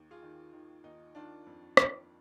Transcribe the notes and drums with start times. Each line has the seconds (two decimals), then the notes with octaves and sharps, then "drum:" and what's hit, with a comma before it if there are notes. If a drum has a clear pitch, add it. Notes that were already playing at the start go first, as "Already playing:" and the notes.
Already playing: D#2 D#3
0.11 F4 G#4
0.22 D#3
0.53 D#3
0.84 D#2 D#4
1.15 D#3 D4 F4
1.47 F2
1.77 D#3, drum: rim click